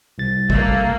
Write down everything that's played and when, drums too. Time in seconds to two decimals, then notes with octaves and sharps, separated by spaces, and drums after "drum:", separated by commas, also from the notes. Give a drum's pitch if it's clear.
0.18 C2 A6
0.50 A3 A#3, drum: kick